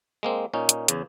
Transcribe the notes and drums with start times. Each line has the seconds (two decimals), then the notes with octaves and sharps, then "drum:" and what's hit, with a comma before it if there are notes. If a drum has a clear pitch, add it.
0.23 G#3 A#3 C4
0.54 A#2 C#4 D#4
0.69 drum: hi-hat
0.88 E2 C#3, drum: hi-hat